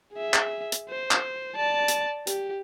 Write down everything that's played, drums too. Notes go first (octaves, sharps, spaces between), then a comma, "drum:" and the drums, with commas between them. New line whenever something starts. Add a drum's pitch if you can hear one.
G#4 E5
drum: clap
drum: hi-hat
C5
drum: clap
D5 A5
drum: hi-hat
G4, drum: hi-hat